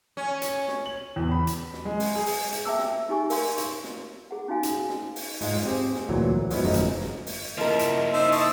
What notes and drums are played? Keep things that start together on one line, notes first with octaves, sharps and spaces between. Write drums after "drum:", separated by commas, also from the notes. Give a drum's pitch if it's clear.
C#4
drum: hi-hat
drum: snare
F#7
E2
B5
drum: hi-hat
drum: snare
G#3
drum: open hi-hat
G#4
drum: open hi-hat
drum: hi-hat
G#4 E5 G5 A5 D6 E6
drum: snare
D#4 G4 G#5 C#6
A#4 F5 C6, drum: open hi-hat
drum: hi-hat
drum: snare
G#4 F#5
C#4 D#4 F#4 F5 G#5
drum: hi-hat
drum: snare
drum: open hi-hat
G#2 G#3 F4, drum: open hi-hat
C4 G4 G#4
drum: snare
D2 A#2 E3 F#3
F3 F#3 G#3 B3 E4, drum: open hi-hat
G1 F#2 F3 G#3 A3 D#4
drum: hi-hat
drum: snare
drum: open hi-hat
F3 A#3 E4 A#4 D#5
drum: hi-hat
D#4 C5 E6
D#5 A5 C#6 E6, drum: open hi-hat